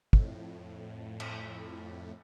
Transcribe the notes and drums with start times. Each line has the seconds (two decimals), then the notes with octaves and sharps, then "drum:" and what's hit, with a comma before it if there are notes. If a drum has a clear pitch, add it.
0.13 F2 A2, drum: kick
1.20 drum: cymbal